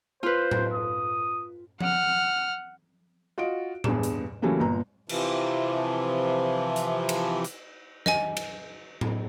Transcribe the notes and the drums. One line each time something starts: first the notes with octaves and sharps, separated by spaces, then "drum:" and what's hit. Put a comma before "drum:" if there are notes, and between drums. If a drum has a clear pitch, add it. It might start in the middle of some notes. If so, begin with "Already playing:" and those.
F4 B4 C5
drum: tom A2
D#6
F#5 F6, drum: tom F3
F4 F#4 D#5 D7
E2 G2 G#4 E7, drum: tom A2
drum: hi-hat
C#3 E3 F#3 G3 A3 A#3
G1 A#2 A#5
C3 E3 F3, drum: cymbal
drum: hi-hat
drum: cymbal
drum: hi-hat
D#5 G#5, drum: snare
drum: cymbal
drum: tom A2